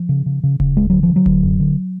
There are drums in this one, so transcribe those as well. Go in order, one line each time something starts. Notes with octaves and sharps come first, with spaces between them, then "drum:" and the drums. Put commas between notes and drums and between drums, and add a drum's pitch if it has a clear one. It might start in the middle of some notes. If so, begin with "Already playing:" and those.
Already playing: F3
C#3
C#3
C#3
C#3, drum: kick D#1
D2 G#3
D3 F#3
F3
D3
F#3
D3, drum: kick D#1
F#2
D3